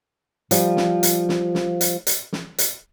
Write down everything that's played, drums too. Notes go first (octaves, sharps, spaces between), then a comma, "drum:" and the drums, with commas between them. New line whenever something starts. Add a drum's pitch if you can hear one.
F3 G3, drum: hi-hat
drum: snare
drum: hi-hat
drum: snare
drum: snare
drum: hi-hat
drum: hi-hat
drum: snare
drum: hi-hat